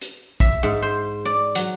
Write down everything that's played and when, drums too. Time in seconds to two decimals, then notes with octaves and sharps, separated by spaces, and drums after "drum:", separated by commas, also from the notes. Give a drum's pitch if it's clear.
0.01 drum: hi-hat
0.40 E5, drum: kick
0.63 G#2
0.82 C5
1.25 D5
1.55 F#3, drum: hi-hat